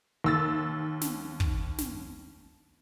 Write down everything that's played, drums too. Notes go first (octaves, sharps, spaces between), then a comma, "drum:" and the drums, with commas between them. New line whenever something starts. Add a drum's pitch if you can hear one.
D#2 E6 A6
drum: snare
drum: kick
drum: snare